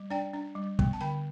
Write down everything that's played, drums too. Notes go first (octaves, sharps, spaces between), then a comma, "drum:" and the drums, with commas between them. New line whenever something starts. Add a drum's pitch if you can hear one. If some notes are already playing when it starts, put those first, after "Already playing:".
Already playing: G3
D4 D5 G5
D4
G3
B3, drum: kick
A5
D3 G5 B5